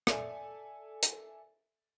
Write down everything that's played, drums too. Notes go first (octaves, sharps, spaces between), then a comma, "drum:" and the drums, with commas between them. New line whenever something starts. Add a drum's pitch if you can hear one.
A4 D5 E5 G#5, drum: rim click
drum: hi-hat